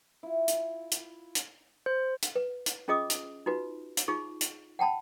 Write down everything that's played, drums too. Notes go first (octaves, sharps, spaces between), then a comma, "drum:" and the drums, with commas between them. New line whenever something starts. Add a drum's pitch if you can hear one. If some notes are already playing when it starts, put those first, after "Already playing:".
E4 F4
drum: hi-hat
drum: hi-hat
drum: hi-hat
C5
drum: hi-hat
B4
drum: hi-hat
C#4 F4 G#4 D#5 D6 D#6
drum: hi-hat
D#4 F4 F#4 B4
drum: hi-hat
D#4 F4 G#4 C#6
drum: hi-hat
F#5 G5 A5 B5